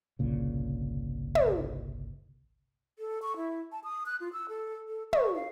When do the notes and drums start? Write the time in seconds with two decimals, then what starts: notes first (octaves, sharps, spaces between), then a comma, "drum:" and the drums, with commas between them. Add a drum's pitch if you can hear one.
0.19 G1 C2 A#2 C#3
1.35 drum: tom
2.99 A4
3.22 C#6
3.36 E4
3.72 A5
3.84 D#6
4.06 F#6
4.20 F4
4.33 E6
4.49 A4
4.88 A4
5.13 C#6, drum: tom
5.35 F5